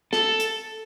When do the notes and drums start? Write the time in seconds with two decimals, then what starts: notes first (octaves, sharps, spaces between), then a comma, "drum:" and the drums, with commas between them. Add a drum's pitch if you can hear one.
0.13 A4, drum: snare
0.40 drum: hi-hat